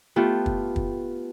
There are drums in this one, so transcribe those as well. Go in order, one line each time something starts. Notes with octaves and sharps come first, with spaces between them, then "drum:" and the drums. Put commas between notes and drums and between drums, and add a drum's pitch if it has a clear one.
A3 B3 F4 G4
drum: kick
drum: kick